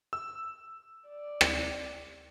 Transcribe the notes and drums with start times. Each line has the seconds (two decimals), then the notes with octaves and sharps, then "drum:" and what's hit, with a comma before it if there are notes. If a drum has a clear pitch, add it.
0.13 E6
1.08 D5
1.41 drum: rim click